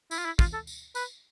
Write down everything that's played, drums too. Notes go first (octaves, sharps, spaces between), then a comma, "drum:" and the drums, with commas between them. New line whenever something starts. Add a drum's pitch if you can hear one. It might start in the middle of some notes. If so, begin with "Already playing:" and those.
E4, drum: tambourine
F4
E4
F4, drum: kick, tambourine
A4
drum: tambourine
B4, drum: tambourine